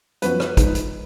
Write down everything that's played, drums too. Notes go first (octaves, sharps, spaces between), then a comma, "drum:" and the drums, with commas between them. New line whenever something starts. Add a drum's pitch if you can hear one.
F#2 F3 B3 F#4 B4, drum: hi-hat
drum: rim click
G#2 F3 G#3 D#4, drum: kick, hi-hat
drum: hi-hat